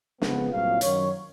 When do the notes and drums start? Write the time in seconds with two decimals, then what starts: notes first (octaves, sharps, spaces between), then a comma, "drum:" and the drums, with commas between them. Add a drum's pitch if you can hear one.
0.22 F2 C#3 F3 G#3 B3, drum: snare
0.52 C2 A#2 F#3 F5
0.81 F#2 D#3 F#3 C#5, drum: hi-hat